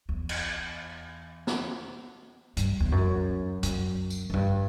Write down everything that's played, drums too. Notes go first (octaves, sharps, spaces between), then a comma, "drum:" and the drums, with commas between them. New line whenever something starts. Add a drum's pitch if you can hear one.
E2
drum: cymbal
drum: snare
G2, drum: hi-hat
E2
F#2
F#2, drum: hi-hat
drum: tambourine
F#2
G2, drum: kick A1